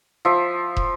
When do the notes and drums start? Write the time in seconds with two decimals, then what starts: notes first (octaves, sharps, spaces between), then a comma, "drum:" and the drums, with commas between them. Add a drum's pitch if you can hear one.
0.25 F3 E5
0.77 drum: kick